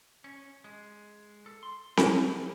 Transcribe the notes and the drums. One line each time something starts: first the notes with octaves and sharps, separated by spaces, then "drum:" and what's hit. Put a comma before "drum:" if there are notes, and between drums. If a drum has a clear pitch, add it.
C#4
G#3
A4
C6
D#4, drum: snare C4